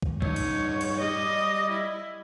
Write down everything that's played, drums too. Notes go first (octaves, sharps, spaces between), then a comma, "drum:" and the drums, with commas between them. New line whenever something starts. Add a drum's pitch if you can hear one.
drum: kick
G2 D#4 C#5, drum: kick
drum: cymbal
drum: cymbal
G3 D#5
E4